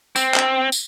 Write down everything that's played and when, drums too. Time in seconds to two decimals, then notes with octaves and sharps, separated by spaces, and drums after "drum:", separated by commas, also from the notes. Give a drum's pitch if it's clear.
0.16 C4, drum: tambourine
0.35 drum: clap
0.72 drum: tambourine